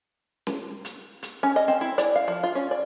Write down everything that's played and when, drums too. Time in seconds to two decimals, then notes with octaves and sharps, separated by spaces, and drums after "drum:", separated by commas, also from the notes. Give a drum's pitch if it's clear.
0.47 drum: snare
0.85 drum: hi-hat
1.23 drum: hi-hat
1.43 C#4
1.56 D#5
1.68 C4
1.81 E4
1.98 D5, drum: hi-hat
2.16 F5
2.28 F3
2.43 F4
2.55 C#4
2.71 D5